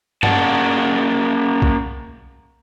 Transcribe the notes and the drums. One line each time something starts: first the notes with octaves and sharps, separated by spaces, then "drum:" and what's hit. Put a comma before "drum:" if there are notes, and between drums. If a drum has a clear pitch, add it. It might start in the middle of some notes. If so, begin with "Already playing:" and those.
A#3 C#4 G#4 D5 F#5 A5, drum: tom G2
drum: kick B1